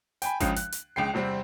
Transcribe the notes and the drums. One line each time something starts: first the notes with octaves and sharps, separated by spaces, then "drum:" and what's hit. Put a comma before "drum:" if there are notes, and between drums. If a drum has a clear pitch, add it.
G5 G#5 B5, drum: hi-hat
C#2 C#3 F3 G#3, drum: kick G#1, hi-hat
F#6, drum: hi-hat
drum: hi-hat
C#2 G#3 G5 C7
E2 C3 G3 C4